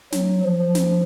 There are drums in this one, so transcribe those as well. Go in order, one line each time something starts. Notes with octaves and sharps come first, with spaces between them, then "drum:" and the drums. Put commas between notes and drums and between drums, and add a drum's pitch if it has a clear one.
F#3, drum: snare
F3
drum: snare